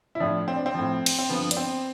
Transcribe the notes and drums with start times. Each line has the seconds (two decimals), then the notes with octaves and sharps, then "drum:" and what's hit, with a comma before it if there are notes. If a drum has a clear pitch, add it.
0.15 E4
0.20 A2 F3 D4
0.48 C4
0.56 D4
0.66 C4
0.75 A2 F3
1.06 drum: cymbal
1.19 C4
1.29 G2 D3 F3 B3
1.51 D4, drum: hi-hat
1.57 C4